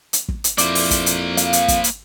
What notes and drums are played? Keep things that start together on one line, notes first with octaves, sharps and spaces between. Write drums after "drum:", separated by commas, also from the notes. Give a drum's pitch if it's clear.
drum: hi-hat
drum: kick
drum: hi-hat
F2 A#3 E4 C5 D5, drum: hi-hat
drum: open hi-hat
drum: kick, hi-hat
drum: hi-hat
F5, drum: hi-hat
drum: hi-hat
drum: kick, hi-hat
drum: hi-hat